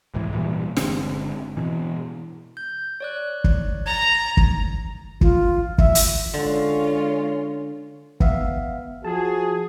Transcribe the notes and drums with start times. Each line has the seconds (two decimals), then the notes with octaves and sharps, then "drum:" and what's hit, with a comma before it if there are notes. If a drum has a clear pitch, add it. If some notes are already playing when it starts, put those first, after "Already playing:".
0.14 C2 G#2 E3
0.33 A#2 E3 F3 G3
0.77 G1 D3 G#3 C4, drum: snare
1.57 B2 E3
2.57 G6
3.00 C#5 D5 F#6
3.44 drum: kick
3.86 A#5 G#6 A6
4.37 drum: kick
5.21 F4, drum: kick
5.78 E5, drum: kick
5.95 drum: hi-hat
6.34 D3 G#3 C#4 F4
8.20 B3 E5 F5, drum: kick
9.05 F3 F#4 G#4 A5